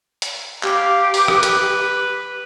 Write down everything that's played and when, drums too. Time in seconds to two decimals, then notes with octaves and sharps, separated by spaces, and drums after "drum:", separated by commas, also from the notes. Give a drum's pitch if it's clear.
0.22 drum: hi-hat
0.63 G4 F5, drum: clap
1.14 B4, drum: open hi-hat
1.28 drum: rim click
1.43 drum: hi-hat